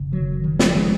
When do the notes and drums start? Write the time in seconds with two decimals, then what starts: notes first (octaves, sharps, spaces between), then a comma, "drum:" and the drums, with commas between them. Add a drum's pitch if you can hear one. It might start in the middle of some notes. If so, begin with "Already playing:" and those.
Already playing: F1 C#3
0.12 D#3 F#3
0.44 D#3
0.59 F3, drum: snare
0.74 F3 G#3